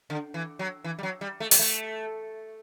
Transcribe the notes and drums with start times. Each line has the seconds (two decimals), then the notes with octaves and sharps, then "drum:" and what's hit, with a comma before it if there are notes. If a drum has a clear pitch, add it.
0.10 D3
0.34 E3
0.59 F#3
0.84 E3
0.99 G3
1.03 F#3
1.21 G3
1.40 A3
1.51 G3, drum: open hi-hat
1.59 A3